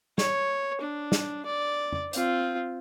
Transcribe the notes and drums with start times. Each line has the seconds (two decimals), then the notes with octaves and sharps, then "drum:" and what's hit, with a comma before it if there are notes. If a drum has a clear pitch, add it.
0.18 C#5, drum: snare
0.81 D4
1.12 drum: snare
1.46 D5
1.92 drum: tom F2
2.13 C4 F4, drum: hi-hat